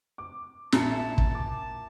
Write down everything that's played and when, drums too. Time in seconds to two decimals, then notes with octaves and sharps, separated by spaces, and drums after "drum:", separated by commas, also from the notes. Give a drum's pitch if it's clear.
0.18 D6
0.72 A#1 A#2 E4 A5 A#5 C#7, drum: snare
1.18 drum: kick
1.35 D6